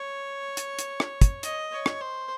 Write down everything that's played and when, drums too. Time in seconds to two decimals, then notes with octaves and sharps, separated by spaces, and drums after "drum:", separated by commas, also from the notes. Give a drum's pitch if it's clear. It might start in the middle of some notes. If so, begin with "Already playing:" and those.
Already playing: C#5
0.57 drum: hi-hat
0.79 drum: hi-hat
1.00 drum: rim click
1.21 drum: kick, hi-hat
1.43 D#5, drum: hi-hat
1.72 C#5
1.86 drum: rim click
2.01 C5